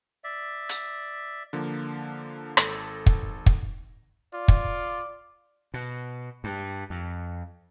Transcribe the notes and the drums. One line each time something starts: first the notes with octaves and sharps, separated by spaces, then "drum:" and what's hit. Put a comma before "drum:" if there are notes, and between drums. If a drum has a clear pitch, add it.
D5 E5
drum: hi-hat
D3 F3 A#3
G#1 A4 A#6, drum: rim click
drum: kick
drum: kick
F4 D5
drum: kick
B2
G2
F2